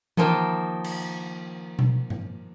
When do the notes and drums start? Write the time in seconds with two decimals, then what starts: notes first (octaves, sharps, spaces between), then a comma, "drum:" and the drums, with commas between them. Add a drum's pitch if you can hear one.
0.17 D#3 F3 A#3, drum: tom E3
0.84 drum: cymbal
1.79 drum: tom B2
2.10 drum: tom G#2